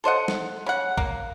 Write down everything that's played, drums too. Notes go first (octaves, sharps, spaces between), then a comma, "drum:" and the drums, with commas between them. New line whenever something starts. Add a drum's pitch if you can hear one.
A4 C5 D#5 F#5
drum: snare
C#3 F#5
A#3, drum: kick